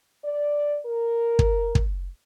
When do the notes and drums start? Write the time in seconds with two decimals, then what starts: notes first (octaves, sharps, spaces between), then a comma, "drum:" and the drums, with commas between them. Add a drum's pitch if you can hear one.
0.24 D5
0.84 A#4
1.39 drum: kick
1.75 drum: kick